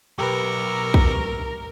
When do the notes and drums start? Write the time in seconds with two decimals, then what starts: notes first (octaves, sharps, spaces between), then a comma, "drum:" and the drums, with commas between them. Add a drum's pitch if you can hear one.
0.18 B1 F2 G4 A#4 B4 C#6 D6 E6
0.94 drum: kick